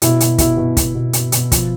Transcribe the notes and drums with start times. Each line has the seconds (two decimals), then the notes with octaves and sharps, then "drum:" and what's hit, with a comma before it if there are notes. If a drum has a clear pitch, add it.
0.02 B2 E4, drum: hi-hat
0.20 B2, drum: hi-hat
0.38 B2 E4, drum: kick, hi-hat
0.57 B2
0.77 B2, drum: kick, hi-hat
0.95 B2
1.13 B2, drum: hi-hat
1.32 B2, drum: hi-hat
1.52 F3, drum: kick, hi-hat